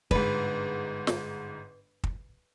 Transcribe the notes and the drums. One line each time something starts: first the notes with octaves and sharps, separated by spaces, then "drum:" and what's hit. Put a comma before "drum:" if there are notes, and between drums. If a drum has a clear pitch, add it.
G1 G#2 B4, drum: kick
drum: snare
drum: kick